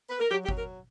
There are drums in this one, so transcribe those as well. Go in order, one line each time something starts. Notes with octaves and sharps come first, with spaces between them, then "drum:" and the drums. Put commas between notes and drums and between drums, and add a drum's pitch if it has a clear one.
B4
A#4
F#3 G4
G4
F#3, drum: kick G1
A#4